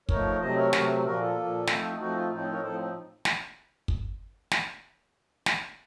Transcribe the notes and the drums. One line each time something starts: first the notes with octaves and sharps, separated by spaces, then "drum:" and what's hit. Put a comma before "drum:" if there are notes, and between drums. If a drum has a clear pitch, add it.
F3 A3 D#4 A#4 C#5, drum: kick
C3 F#3 A3 C4 C5 D#5
A#4 C#5
C3 F#3 A3 C4 F#4 A#4, drum: snare
A#2 F3 A#3 F#4 A#4
F4 A4
A#2 F3 A#3
F3 A3 C4 D#4, drum: snare
F3 A3 C4 D#4 F#4
F4
A2 F3 C4 D#4
F4
A#4 C#5
A2 F3 C4 D#4 A4 C5
D#4
drum: snare
drum: kick
drum: snare
drum: snare